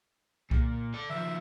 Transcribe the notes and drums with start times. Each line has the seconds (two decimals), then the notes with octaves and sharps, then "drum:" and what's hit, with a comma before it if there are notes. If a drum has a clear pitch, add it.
0.51 A#2, drum: kick C2
0.94 A4 D5
1.10 D#3 F3 E5